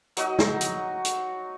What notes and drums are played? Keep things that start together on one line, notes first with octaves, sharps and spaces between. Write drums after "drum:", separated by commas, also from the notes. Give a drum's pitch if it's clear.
F#3 D#4 F#4 D#5, drum: hi-hat
drum: snare
drum: hi-hat
drum: hi-hat